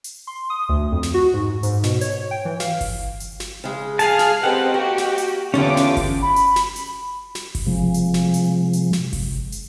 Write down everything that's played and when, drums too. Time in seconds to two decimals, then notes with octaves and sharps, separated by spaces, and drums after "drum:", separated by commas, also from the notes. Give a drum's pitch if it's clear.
0.04 drum: hi-hat
0.27 C6
0.50 D#6
0.69 D2
0.92 F2
1.03 drum: snare
1.14 F#4
1.34 G#2
1.63 G#2, drum: hi-hat
1.84 B2, drum: snare
2.01 C#5, drum: hi-hat
2.31 G5
2.45 E3
2.60 F5, drum: snare
2.81 drum: kick G1, open hi-hat
3.20 drum: hi-hat
3.40 drum: snare
3.64 C#3 G#3
3.99 G#4 F5 A5 F6, drum: hi-hat
4.19 drum: snare
4.43 C4 F#4 G4 A4 B4 D#5 F#5
4.74 A#3 F#4 G4
4.98 drum: snare
5.18 drum: hi-hat
5.54 E2 D3 C#4 D4 F4 G4 D6
5.77 drum: snare
5.97 drum: kick G1, open hi-hat
6.22 B5
6.36 drum: hi-hat
6.56 drum: snare
6.76 drum: hi-hat
7.35 drum: snare
7.55 drum: kick G1, open hi-hat
7.66 C3 F3 G#3
7.94 drum: hi-hat
8.14 drum: snare
8.34 drum: hi-hat
8.73 drum: hi-hat
8.93 drum: snare
9.13 drum: kick G1, open hi-hat
9.52 drum: hi-hat